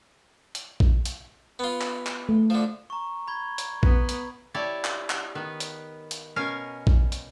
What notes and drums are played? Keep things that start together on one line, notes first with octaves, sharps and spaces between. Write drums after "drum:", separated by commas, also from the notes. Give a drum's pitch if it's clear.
drum: hi-hat
drum: kick A#1
drum: hi-hat
B3 F4
drum: clap
drum: clap
A3
D3 F3
A#5 C#6
B5 G#6 G7
drum: hi-hat
B3, drum: kick A#1
drum: hi-hat
E4 G4 C#5 D5 A5
drum: clap
drum: clap
D#3 B3 B4
drum: hi-hat
drum: hi-hat
B2 C#4 A#4 F5 G#5
drum: kick A#1
drum: hi-hat